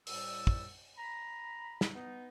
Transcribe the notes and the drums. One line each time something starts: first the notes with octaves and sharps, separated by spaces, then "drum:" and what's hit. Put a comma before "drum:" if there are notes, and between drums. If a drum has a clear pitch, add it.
C2 A2 G3 E6, drum: open hi-hat
drum: kick
A#5 B5
drum: snare
B3 D#4